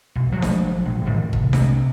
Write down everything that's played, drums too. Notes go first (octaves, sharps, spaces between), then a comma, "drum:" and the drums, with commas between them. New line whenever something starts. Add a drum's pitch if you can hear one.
B1
G#1 F3 F#3 A3
drum: snare D4
A#1
A2 D#3 F3 G3
C2, drum: kick
C3, drum: snare D4